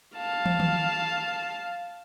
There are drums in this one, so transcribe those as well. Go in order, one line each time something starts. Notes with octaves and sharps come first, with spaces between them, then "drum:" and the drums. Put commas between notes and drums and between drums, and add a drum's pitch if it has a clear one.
F5 A5
drum: tom
drum: tom D#3